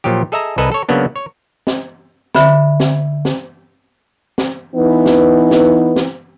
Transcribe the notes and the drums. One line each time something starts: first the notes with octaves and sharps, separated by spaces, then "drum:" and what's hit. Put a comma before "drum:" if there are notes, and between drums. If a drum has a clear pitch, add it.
A#2 F3 F#3 G4
G#4 A4 D#5 E5 G#5 A#5
C2 A4 B4 D#5 G#5 A#5
A4 C#5
C#3 F#3 A#3 B3 D4
C#5
drum: snare
D3 E5 B5, drum: snare
drum: snare
drum: snare
drum: snare
E3 B3 D#4
drum: snare
drum: snare
drum: snare